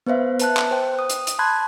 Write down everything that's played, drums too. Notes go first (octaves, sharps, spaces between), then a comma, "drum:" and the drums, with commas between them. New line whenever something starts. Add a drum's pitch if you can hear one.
B3 B4 C5 E5 F5
B4 A5 F#6, drum: hi-hat
drum: clap
C5 G5
D#6
drum: hi-hat
drum: hi-hat
A5 B5 C6 F#6 G#6